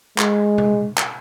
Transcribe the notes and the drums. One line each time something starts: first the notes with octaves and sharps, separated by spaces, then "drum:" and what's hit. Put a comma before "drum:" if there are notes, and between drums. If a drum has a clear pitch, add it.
G#3, drum: clap
drum: tom C3
drum: clap